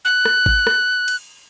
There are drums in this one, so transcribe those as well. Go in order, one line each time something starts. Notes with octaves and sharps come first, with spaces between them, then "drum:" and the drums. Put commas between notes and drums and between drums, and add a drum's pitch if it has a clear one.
F#6
drum: rim click
drum: kick G#1
drum: rim click
drum: cymbal